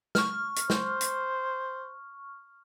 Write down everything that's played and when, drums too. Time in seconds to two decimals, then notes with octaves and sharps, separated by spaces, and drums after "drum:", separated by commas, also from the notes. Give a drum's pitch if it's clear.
0.15 C#6 F6, drum: snare
0.56 drum: hi-hat
0.70 C5, drum: snare
1.01 drum: hi-hat